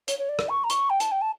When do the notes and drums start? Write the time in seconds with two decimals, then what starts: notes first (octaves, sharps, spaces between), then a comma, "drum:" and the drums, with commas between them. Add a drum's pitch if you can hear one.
0.08 C#5, drum: hi-hat
0.19 C#5
0.29 D5
0.39 drum: rim click
0.49 C#6
0.64 A#5
0.70 C#6, drum: hi-hat
0.90 G5
1.00 A5, drum: hi-hat
1.11 G5
1.21 A5